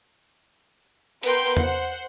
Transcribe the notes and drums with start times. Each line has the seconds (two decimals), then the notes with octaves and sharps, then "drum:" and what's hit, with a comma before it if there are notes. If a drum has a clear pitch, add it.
1.23 B3 A#4 B4 G5 C6 G6, drum: hi-hat
1.57 C5 F#5, drum: tom E2